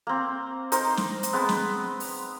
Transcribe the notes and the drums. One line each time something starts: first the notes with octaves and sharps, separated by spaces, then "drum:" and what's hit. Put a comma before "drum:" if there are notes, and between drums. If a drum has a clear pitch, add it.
A#3 C4
D#4 A#4 C5, drum: hi-hat
drum: snare
drum: hi-hat
G#3 B3 C4
drum: snare
drum: open hi-hat